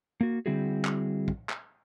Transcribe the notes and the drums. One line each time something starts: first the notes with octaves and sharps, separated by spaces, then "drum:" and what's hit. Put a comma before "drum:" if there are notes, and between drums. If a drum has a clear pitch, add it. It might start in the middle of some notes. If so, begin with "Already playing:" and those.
A#3 F#4
D3 G3 C4 E4 F#4 G#4
drum: clap
drum: kick
drum: clap